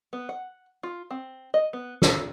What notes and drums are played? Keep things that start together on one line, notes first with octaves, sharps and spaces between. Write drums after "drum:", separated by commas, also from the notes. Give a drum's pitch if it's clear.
B3
F#5
F4
C4
D#5
B3
A4, drum: snare